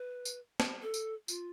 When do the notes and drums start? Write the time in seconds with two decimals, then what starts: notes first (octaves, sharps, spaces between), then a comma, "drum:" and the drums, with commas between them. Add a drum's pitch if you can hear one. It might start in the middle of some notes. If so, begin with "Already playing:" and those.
Already playing: B4
0.25 drum: tambourine
0.60 drum: snare
0.82 A4
0.94 drum: tambourine
1.28 F4, drum: tambourine